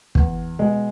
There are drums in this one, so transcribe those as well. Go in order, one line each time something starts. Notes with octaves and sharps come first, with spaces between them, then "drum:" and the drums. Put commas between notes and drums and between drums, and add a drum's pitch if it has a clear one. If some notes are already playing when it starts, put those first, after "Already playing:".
E2, drum: kick
B2 G#3